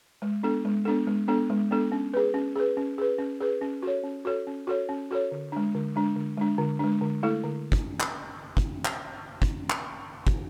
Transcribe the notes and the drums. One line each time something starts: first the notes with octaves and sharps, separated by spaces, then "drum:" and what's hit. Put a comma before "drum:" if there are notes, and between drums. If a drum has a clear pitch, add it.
G#3
B3 D4 A4
G#3
B3 D4 A4
G#3
B3 D4 A4
G#3
B3 D4 A4
C#4
G#4 B4
C#4
G#4 B4
C#4
G#4 B4
C#4
G#4 B4
C#4
F#4 A4 C#5
C#4
F#4 A4 C#5
C#4
F#4 A4 C#5
C#4
F#4 A4 C#5
D3
G#3 D4
D3
G#3 D4
D3
G#3 D4
D3
G#3 D4
D3
A3 E4 A4
D3
drum: kick
drum: clap
drum: kick
drum: clap
drum: kick
drum: clap
drum: kick